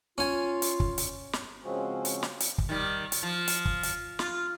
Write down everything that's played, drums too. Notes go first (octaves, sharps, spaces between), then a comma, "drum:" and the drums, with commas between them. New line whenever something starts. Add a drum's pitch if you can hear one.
C#4 F4 G#5
drum: hi-hat
drum: kick
drum: hi-hat
drum: snare
C#3 F3 G#3 C4 C#4 F#4
drum: hi-hat
drum: snare
drum: hi-hat
drum: kick
D#3 G3
drum: hi-hat
F3
drum: hi-hat
drum: kick
drum: hi-hat
F4, drum: snare